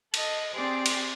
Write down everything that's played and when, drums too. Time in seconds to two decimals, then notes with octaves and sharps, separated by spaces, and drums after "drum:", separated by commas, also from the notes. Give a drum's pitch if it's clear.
0.14 A4 D#5, drum: cymbal
0.53 C4 G4 G#4 D5
0.86 drum: cymbal